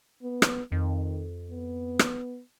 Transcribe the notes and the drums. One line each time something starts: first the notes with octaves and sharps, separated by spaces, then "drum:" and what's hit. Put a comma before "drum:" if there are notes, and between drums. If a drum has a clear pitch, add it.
B3
drum: rim click
F2 D#3
B3
drum: rim click